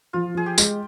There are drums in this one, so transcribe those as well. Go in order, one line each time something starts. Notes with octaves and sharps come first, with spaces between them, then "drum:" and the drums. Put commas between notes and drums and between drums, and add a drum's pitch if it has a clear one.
F3 F4
F3 G#4
G4
G#3, drum: tambourine